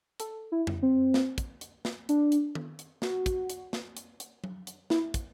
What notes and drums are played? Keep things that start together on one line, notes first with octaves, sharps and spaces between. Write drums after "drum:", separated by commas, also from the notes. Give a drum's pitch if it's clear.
A4, drum: hi-hat
E4
drum: tom F2
C4
drum: snare
drum: kick, hi-hat
drum: hi-hat
drum: snare
D4, drum: hi-hat
drum: hi-hat
drum: tom D#3
drum: hi-hat
F#4, drum: snare
drum: kick, hi-hat
drum: hi-hat
drum: snare
drum: hi-hat
drum: hi-hat
drum: tom F#3
drum: hi-hat
E4, drum: snare
drum: kick, hi-hat